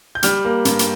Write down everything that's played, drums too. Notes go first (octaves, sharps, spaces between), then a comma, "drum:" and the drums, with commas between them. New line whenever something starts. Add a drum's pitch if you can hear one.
G6
G3 F6, drum: hi-hat
A#3
G2, drum: hi-hat
drum: hi-hat